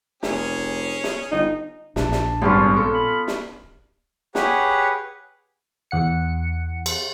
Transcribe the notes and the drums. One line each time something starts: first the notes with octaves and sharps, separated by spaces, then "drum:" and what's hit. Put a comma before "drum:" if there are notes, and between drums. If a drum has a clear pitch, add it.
F1 C#4 G#4, drum: snare
drum: snare
G1 D#4
A#1 D4, drum: snare
drum: snare
G#1 G2 B3 C#4 F4
A4
B5
drum: snare
G4 G#4 B4 C#5 F#5, drum: snare
E2 F#5 C#7
drum: cymbal